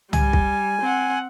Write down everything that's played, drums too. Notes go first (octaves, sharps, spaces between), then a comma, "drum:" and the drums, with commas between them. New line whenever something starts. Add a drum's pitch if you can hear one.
G3 G#5, drum: tom
drum: kick
C4 F#5